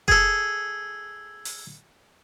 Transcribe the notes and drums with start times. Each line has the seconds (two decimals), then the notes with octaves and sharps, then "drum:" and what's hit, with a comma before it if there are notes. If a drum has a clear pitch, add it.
0.08 G#4 A4, drum: kick F#1
1.45 drum: open hi-hat